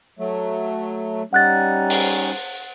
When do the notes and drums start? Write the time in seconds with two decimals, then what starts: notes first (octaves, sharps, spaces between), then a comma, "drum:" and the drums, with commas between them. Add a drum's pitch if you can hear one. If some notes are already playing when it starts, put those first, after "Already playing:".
0.19 F#3 A3
1.33 G3 C#4 D#4 F#5 F#6 A6
1.90 drum: open hi-hat